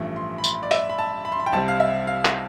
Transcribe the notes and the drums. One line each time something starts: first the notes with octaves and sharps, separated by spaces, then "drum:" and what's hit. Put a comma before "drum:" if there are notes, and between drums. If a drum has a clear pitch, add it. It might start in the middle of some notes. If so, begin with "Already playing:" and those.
Already playing: A1 G2 F3 A3
C6
B5
C6, drum: tambourine
D5
E5, drum: hi-hat
B5
A5
B5
C6
B5
G5
C2 C3 G3 C4 A5
F5
E5
F5
drum: clap